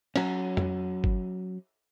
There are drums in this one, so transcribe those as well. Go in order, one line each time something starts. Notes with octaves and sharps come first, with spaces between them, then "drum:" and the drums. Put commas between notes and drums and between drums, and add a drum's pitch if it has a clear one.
F#3 C#4, drum: cymbal
drum: tom
drum: kick G1